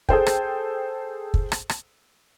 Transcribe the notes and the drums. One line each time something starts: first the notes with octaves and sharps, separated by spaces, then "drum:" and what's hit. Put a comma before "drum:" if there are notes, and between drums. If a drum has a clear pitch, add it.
G#4 A4 C5 G5, drum: kick
drum: rim click
drum: kick
drum: rim click
drum: rim click